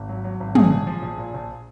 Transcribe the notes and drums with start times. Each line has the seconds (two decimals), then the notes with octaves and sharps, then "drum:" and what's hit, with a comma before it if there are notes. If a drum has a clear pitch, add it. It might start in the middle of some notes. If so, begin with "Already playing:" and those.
Already playing: G#1
0.09 F#3
0.24 F#3
0.40 G#1
0.55 A#1 G#4, drum: tom
0.72 A#1
0.87 F3
1.02 A#1
1.18 A#2
1.34 A#1